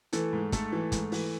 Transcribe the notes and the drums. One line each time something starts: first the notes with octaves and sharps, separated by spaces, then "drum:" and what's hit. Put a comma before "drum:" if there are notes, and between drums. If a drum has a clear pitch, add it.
E3 A3 A4, drum: hi-hat
G#2
G#2 A3 A4, drum: kick, hi-hat
E3
G#2, drum: kick, hi-hat
E3, drum: open hi-hat